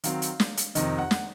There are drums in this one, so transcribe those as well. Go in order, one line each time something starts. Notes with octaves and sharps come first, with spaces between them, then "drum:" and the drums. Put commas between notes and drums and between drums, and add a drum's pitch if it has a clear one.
D#3 F#3 C4 F5, drum: hi-hat
drum: hi-hat
drum: snare
drum: hi-hat
F2 C3 D#3 D#5, drum: hi-hat
F#5
drum: snare